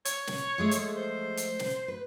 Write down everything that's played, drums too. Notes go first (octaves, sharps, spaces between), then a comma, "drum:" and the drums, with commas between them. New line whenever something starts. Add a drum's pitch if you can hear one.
C#5, drum: hi-hat
drum: snare
F3 G#3 A3
drum: hi-hat
C5
drum: hi-hat
drum: snare
B4